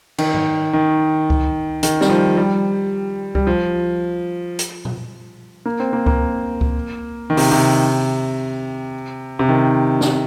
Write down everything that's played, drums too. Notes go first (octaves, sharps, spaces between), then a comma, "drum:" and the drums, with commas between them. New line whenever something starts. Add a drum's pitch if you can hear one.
D#3, drum: cymbal
drum: tom G#2
D#3
drum: kick C#2
D#3, drum: hi-hat
G3, drum: snare
F3
G3
G3, drum: kick C#2
F3
drum: hi-hat
drum: tom A#2
A#3
C4
A#3
A#3, drum: kick C#2
drum: kick C#2
D#3
C3, drum: open hi-hat
C3
C3
D#3
drum: snare